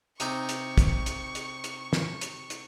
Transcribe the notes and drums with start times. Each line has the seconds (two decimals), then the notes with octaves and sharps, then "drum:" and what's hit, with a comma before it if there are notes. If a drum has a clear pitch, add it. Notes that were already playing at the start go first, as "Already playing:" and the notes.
0.20 C3 D#4 C#6, drum: hi-hat
0.49 drum: hi-hat
0.78 drum: kick, hi-hat
1.06 drum: hi-hat
1.35 drum: hi-hat
1.64 drum: hi-hat
1.93 drum: snare
2.21 drum: hi-hat
2.50 drum: hi-hat